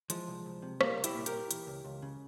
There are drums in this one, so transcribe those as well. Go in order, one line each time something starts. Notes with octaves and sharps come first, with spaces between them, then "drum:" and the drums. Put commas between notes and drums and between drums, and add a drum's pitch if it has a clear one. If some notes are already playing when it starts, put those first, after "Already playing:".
E3 F3 G#3, drum: hi-hat
C2
C2
C3
C2 G3 A#3, drum: rim click
C2
E4 G4, drum: hi-hat
A#2
G4 A#4, drum: hi-hat
A#2
E3, drum: hi-hat
C#2
C#2
C#3